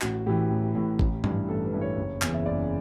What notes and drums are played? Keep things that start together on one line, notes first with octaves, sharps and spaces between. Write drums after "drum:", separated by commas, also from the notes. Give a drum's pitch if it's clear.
A1 F#4, drum: clap
A2 E3 G4
A1
A2 E3
A1, drum: kick G#1
G2 E3, drum: tom G#2
A1 A4
B4
G2 E3
C#5
F#1
E2 C#3 E3, drum: clap
E5
F#1 D5